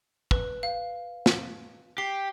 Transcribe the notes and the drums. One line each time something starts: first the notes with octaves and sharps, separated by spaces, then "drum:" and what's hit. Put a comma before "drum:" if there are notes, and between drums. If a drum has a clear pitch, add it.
B4, drum: kick
F5
drum: snare
G4 C7